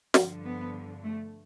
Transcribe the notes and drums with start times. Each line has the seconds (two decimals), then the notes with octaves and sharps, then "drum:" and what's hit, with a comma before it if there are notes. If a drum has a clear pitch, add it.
0.14 G2 D3 F3 A3, drum: snare
0.45 B3
1.04 A3